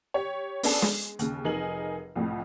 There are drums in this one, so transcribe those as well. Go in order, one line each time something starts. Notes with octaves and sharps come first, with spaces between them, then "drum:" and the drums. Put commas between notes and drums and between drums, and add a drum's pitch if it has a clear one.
G4 C#5
B3 C#4 D4 G#4 A4 A5, drum: open hi-hat
G#3, drum: snare
D#2 C#3, drum: hi-hat
F1 D#4 G#4 A#4 F#7
C2 F2 A2